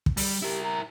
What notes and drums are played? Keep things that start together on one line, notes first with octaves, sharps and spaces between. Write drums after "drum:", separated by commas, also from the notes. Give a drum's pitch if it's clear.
drum: kick
G3, drum: open hi-hat
E4 G4 A#4
A#5